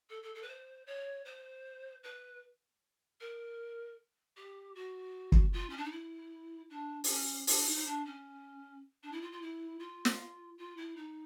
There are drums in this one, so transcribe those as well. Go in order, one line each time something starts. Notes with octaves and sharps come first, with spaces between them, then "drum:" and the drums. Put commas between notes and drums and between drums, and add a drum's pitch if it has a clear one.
A4
A4
A4
B4
C5
C#5
C5
B4
A#4
G4
F#4
drum: kick
F4
C#4
D4
D#4
E4
D4
D4, drum: open hi-hat
C#4
D4, drum: open hi-hat
D4
D#4
D#4
D4
C#4
D4
E4
F4
F4
E4
F4
drum: snare
F4
E4
D#4